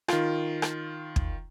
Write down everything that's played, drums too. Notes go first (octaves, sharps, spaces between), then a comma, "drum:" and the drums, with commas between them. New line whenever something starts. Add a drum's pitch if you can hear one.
D#3 F4, drum: rim click
drum: rim click
drum: kick